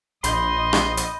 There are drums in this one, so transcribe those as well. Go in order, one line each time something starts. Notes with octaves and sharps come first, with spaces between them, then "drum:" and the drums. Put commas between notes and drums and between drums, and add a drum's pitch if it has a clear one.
A#1 D#5 B5 C6 G6, drum: hi-hat
drum: rim click
drum: hi-hat